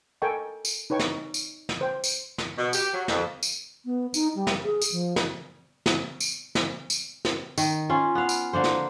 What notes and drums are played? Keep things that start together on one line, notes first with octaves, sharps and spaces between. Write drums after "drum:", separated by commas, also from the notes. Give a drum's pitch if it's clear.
A4 A#4 D#5 G5 G#5 C#6
drum: tambourine
D#4 B4 C#5 G5 C#6
drum: snare
drum: tambourine
drum: snare
C5 G5
drum: tambourine
drum: snare
B2
G4, drum: tambourine
F#3
F2, drum: snare
drum: tambourine
B3
D#4, drum: tambourine
G3
drum: snare
G#4
drum: tambourine
F3
drum: snare
drum: snare
drum: tambourine
drum: snare
drum: tambourine
drum: snare
D#3, drum: tambourine
C#4 F4
B3 F5
drum: tambourine
D3 A#3 C5
drum: snare